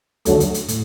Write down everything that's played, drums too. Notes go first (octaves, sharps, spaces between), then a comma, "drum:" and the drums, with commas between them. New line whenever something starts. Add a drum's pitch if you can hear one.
D#2 D3 F#3 A3, drum: hi-hat
drum: hi-hat
drum: hi-hat
A2, drum: hi-hat